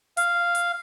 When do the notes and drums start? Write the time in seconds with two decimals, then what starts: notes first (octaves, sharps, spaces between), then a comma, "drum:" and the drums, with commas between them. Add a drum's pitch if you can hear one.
0.17 F5, drum: hi-hat
0.55 drum: hi-hat